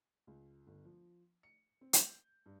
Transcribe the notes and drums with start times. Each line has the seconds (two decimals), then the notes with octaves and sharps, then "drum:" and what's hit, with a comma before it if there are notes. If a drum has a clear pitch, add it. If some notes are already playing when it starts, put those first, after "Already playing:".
0.27 C#2
0.67 G1
0.85 F3
1.43 C#7
1.81 C4
1.93 G6, drum: hi-hat
2.46 G2